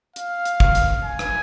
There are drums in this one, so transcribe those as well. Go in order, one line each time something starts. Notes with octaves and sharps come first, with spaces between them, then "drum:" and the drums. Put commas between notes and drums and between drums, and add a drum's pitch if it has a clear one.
F5, drum: hi-hat
drum: hi-hat
drum: kick
drum: hi-hat
G#5
drum: rim click